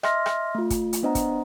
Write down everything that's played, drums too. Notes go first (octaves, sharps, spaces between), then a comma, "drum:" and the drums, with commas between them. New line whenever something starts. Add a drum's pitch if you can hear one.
D#5 E5 C6 F6 A#6, drum: rim click
drum: rim click
A3 F4
drum: kick, hi-hat
drum: hi-hat
B3 D4 C5 D#5 F#5 A#5
drum: kick, hi-hat